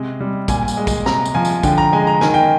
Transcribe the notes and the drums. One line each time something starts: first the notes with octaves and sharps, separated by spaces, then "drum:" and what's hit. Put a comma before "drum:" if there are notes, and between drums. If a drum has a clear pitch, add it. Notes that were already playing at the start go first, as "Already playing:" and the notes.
Already playing: C3 G#3
G3
A#2 G#5, drum: kick, tambourine
drum: tambourine
G#3
drum: kick, tambourine
C3 A#5, drum: snare
drum: tambourine
F3 G#5
drum: tambourine
D3 G5, drum: kick, tambourine
A#5
G#3 G#5
A#5
D#3 G#5, drum: snare
G5